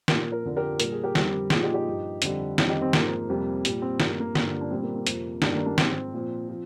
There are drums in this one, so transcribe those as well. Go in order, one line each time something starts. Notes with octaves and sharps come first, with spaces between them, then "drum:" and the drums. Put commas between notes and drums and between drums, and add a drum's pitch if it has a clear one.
F3 A#4, drum: snare
A#2
A#4
F2 D3 F3
G4 A#4
A#2 G3 A#4, drum: hi-hat
G#4
G4 A#4
F2 D3 G3, drum: snare
A#2 F3 F4 G#4, drum: snare
D#4 G4
D#4 G4
G2 F3
F2 D3 G3, drum: hi-hat
F2 D#3 G3, drum: snare
D#4 G4
C4
G#2 F3 A#3, drum: snare
F2 C3 G3
A#2 G3, drum: hi-hat
C4
G2 F3 A#3, drum: snare
A#3
G2 D3 F3, drum: snare
D4
A#2 G3 C4
A#3
A#3
F2 C3 F3, drum: hi-hat
G2 D#3 G3 A#3 D4, drum: snare
A#3 D4
A#3 D4
G#2 F3 C4, drum: snare
A#2 F3
F3